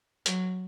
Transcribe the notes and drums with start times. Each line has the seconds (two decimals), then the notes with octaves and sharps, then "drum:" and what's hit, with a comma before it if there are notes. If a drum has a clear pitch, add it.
0.26 F#3, drum: hi-hat